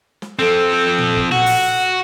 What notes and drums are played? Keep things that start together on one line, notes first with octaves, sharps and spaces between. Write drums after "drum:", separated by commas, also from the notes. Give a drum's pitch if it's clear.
drum: snare
F3 C4 A4
drum: tom A#2
drum: kick
F#4 F#5, drum: tom A#2
drum: open hi-hat